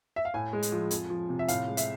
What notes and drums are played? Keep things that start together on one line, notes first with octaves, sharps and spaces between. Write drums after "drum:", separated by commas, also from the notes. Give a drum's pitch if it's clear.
E5
F5
A2 G#5
G#3
drum: hi-hat
F3
F2, drum: hi-hat
F3
C3
E5
A2 F5, drum: hi-hat
G#3
E5, drum: hi-hat